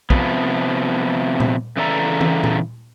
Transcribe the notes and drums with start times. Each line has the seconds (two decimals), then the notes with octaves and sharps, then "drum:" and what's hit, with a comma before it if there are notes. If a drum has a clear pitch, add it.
0.10 C3 F3 B3, drum: kick
1.40 drum: tom A#2
1.77 C#3 E3 A4 D5 E5 A#5
2.21 drum: tom
2.44 drum: tom A#2